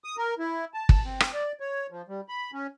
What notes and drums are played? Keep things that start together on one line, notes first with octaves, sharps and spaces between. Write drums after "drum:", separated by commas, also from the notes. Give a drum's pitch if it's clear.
D#6
A#4
E4
A5
drum: kick
C4
drum: rim click
D5
C#5
F3
G3
B5
C#4